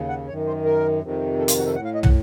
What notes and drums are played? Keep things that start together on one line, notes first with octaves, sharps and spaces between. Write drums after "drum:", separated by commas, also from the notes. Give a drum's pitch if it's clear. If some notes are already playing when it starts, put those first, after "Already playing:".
Already playing: D#2 C#3
F#5
F#2 D#3 C#5
C5
A#4
F2 C3 D#3
A4
F4, drum: hi-hat
F#4
A4
A2 F#5
F5
D#5
F#5, drum: tom